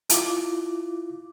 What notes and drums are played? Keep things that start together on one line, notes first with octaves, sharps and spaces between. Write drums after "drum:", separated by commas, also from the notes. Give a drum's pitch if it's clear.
E4 F4 D6, drum: hi-hat